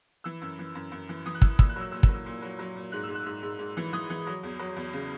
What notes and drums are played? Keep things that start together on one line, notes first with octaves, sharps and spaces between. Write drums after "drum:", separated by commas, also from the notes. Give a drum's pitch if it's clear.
E3 E6
F#2
E3
F#2
F#2
E3
E3 D#6
F#6
E3 E6, drum: kick
A#2 E6, drum: kick
F#6
F#3 E6
A#2 E6
E6, drum: kick
F#3
E6
A#2
F#3
F#3
A#2
G#2 F#6
E6
G#2
F#6
G#2 E6
G#2
G#2
E3
E3 D#6
E3
F#3
E2
F#3
E2
C#3